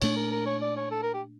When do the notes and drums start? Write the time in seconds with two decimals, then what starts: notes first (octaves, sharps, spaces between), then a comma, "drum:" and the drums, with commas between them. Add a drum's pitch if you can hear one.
0.02 A#2 A3 D4 C#5, drum: cymbal
0.16 A#4
0.31 A#4
0.46 C#5
0.62 D5
0.77 C#5
0.91 A4
1.03 A#4
1.14 G4